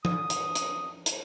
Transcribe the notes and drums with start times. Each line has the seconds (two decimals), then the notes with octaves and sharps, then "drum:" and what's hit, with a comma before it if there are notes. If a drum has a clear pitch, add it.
0.05 D#6, drum: tom F3
0.30 drum: hi-hat
0.55 drum: hi-hat
1.06 drum: hi-hat